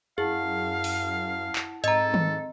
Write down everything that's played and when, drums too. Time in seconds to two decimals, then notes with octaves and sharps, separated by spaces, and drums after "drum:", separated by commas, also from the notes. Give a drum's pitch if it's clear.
0.18 F#2 E4 G#4 F5 F#5 A5
0.84 drum: open hi-hat
1.56 drum: clap
1.84 G#2 C4 A4 D#5 A#5, drum: hi-hat
2.14 drum: tom D#3